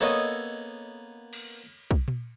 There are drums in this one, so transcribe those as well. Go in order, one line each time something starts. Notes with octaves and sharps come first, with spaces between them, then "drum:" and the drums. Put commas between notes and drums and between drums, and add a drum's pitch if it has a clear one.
A#3 B3 C#4 A4 C#5 D#5
drum: cymbal
drum: kick
drum: tom A#2